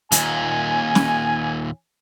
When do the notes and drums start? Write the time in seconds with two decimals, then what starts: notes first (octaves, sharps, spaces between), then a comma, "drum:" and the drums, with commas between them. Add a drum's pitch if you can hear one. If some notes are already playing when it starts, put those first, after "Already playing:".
0.12 D#2 A#2 G#5, drum: hi-hat
0.95 drum: snare